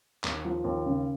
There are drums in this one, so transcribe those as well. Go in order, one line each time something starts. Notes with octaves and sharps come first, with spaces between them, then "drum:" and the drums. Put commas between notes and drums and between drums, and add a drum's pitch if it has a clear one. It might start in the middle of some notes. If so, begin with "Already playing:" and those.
D#2, drum: clap
F3
D#2
C#3